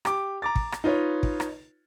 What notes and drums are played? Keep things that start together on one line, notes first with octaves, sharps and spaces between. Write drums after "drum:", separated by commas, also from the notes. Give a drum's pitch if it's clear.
G4 D6, drum: rim click
A#5 D6 A6
drum: kick
drum: rim click
D#4 F4 B4 C#5
drum: kick
drum: rim click